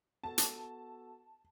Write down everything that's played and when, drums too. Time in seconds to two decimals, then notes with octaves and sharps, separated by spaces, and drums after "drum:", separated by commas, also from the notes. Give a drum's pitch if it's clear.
0.24 B3 F#4 A4 A5
0.38 drum: hi-hat